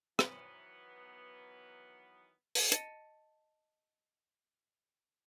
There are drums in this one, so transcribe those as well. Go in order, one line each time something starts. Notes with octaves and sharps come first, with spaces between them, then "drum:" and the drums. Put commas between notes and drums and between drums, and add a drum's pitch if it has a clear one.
D#3 E3 F#3 B3, drum: rim click
drum: open hi-hat
D#5 A5 A6 C#7 D#7, drum: hi-hat